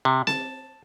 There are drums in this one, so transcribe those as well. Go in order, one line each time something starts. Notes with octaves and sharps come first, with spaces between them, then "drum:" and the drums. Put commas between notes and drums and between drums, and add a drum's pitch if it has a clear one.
C3
A5, drum: snare C4